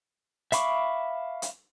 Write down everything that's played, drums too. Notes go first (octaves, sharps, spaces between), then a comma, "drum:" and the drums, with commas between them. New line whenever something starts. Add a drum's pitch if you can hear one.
E5 F5 B5 C#6 D6, drum: hi-hat
drum: hi-hat